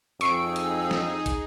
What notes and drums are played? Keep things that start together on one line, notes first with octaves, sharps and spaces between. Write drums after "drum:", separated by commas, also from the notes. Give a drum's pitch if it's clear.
F2 D#4 G#4 C#6 E6 C7 D7, drum: hi-hat
drum: hi-hat
drum: snare
drum: kick, hi-hat